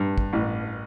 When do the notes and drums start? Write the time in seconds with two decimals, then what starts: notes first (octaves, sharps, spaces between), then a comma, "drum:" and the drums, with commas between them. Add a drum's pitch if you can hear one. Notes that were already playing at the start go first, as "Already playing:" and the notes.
Already playing: G2
0.18 drum: kick
0.33 A1